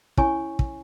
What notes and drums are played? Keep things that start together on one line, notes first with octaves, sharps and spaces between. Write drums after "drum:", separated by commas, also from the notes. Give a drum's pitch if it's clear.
C#4 E4 C#5 G#5 C#6, drum: kick
drum: kick